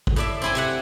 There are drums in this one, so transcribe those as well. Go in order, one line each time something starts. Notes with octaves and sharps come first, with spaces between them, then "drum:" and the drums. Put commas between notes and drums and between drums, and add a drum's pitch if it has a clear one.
drum: kick
A2 D5 E5
C4 E4 G#5
C3 E5 F#5